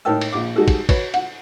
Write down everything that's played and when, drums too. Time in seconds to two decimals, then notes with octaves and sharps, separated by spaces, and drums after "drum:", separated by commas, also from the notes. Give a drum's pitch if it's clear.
0.05 A2 D#4 A#4 G5 A5 E6
0.21 drum: cymbal
0.32 A#1 D6
0.56 G3 G#3 D#4 F#4 A4
0.68 drum: kick, cymbal
0.89 F#4 B4 C#5, drum: kick, cymbal
1.14 F#5, drum: cymbal